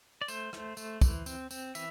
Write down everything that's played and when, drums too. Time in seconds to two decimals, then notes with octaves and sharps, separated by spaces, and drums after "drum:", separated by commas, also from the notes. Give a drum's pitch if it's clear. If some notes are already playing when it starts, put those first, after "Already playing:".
0.21 D5
0.28 A3 C5, drum: tambourine
0.53 A3, drum: rim click
0.77 A3, drum: tambourine
1.01 E3, drum: kick, tambourine
1.26 C4, drum: tambourine
1.51 C4, drum: tambourine
1.75 E3 E5, drum: tambourine